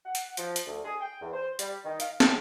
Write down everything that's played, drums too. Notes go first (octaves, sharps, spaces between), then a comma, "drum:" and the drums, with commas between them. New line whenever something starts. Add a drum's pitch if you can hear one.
F#5
drum: hi-hat
F3, drum: hi-hat
drum: hi-hat
D2
G#4
G5
E2
C5
G3, drum: hi-hat
D#3
F5, drum: hi-hat
drum: snare